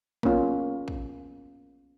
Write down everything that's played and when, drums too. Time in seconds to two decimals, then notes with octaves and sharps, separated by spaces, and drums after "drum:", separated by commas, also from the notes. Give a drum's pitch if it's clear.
0.23 A#3 B3 C#4 F4, drum: kick
0.88 drum: kick